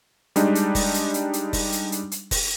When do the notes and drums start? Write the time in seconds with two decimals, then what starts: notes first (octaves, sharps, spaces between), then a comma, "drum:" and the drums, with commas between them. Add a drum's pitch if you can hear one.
0.36 G3 G#3 D4 D#4, drum: hi-hat
0.55 drum: hi-hat
0.75 drum: kick F1, open hi-hat
0.94 drum: hi-hat
1.14 drum: hi-hat
1.33 drum: hi-hat
1.53 drum: kick F1, open hi-hat
1.72 drum: hi-hat
1.92 drum: hi-hat
2.12 drum: hi-hat
2.31 drum: kick F1, open hi-hat